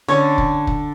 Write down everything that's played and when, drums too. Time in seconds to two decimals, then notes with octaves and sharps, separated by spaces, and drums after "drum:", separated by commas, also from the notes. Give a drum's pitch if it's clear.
0.08 D3 C#4 C#5
0.38 drum: kick
0.67 drum: kick